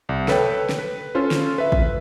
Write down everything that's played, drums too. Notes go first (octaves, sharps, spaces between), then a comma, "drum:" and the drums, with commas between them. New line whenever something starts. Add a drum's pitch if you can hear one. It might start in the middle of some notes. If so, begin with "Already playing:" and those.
C2
A4 B4 C#5 G5, drum: snare
drum: snare
B4
C#4 F4 A4 C5
drum: snare
B4 E5
drum: kick G#1